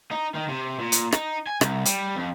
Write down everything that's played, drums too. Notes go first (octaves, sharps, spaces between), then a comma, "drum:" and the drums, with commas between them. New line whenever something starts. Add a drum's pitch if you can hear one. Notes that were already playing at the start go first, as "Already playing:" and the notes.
D#4
D#3
C3
A#2
drum: hi-hat
D#4, drum: rim click
G#5
C2, drum: rim click
G3, drum: hi-hat
F2